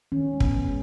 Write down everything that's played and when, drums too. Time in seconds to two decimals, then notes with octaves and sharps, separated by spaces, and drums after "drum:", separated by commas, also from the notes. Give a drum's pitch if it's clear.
0.12 D#3 C#4
0.34 G#3
0.40 B3, drum: kick
0.55 G#3